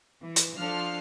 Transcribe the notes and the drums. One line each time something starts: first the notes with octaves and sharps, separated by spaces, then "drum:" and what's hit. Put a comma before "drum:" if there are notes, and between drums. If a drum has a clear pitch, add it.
E3
drum: hi-hat
F3 D4 A4 F6 C7